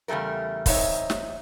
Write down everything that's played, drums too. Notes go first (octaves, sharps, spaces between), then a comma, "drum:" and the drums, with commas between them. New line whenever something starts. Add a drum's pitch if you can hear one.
E2 C#3 G3 A3 A#4
E2 A#3 C4 D#4 C#5 E5, drum: kick, open hi-hat
drum: snare